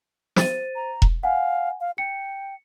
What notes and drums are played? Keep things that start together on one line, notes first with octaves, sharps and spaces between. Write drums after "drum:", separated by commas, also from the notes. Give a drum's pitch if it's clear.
C5 A6 D#7, drum: snare
A#5
drum: kick E1
F5 F#5 G#5
F5
G5 C#7